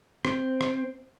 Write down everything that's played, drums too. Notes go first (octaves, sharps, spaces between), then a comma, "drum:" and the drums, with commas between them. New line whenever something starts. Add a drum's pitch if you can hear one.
C4, drum: rim click
drum: rim click